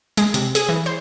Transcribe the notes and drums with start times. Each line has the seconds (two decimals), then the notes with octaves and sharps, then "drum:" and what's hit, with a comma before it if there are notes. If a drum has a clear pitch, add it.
0.17 G#3, drum: hi-hat
0.34 C3, drum: hi-hat
0.55 G#4, drum: hi-hat
0.69 E3
0.86 C5